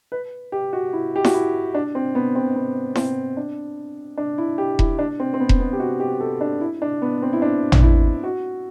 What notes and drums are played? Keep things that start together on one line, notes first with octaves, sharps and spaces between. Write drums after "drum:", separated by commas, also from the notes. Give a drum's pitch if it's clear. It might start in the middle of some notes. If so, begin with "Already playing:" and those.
B4
G4
F#4
E4
G4
F#4, drum: snare E4
E4
D4
C4
B3
C4
B3
C4, drum: snare E4
D4
D4
E4
G4
E4, drum: kick E1
D4
C4
C4
B3
drum: kick E1
B3
G4
F#4
G4
A4
D4
E4
D4
B3
C4
E4
D4
drum: tom
E4
F#4